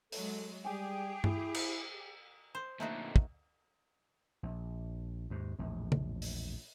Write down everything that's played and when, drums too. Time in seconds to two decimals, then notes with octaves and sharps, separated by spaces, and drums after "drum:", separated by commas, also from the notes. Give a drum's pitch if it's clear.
0.12 F#3 G#3 A4, drum: open hi-hat
0.64 G3 G4 G#4 G5 G#5
1.24 E4, drum: tom G2
1.54 drum: cymbal
2.55 C5
2.80 A#2 D3 A3 D#4 F#4
3.16 drum: kick
4.43 A#1
5.30 D#2 G#2
5.59 A#1 E2 A2
5.92 drum: tom C#3
6.22 drum: open hi-hat